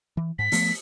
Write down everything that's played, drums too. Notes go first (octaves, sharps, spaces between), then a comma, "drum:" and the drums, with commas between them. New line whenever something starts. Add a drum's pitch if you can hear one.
E3
G#2 B6
F3 A3 B3, drum: open hi-hat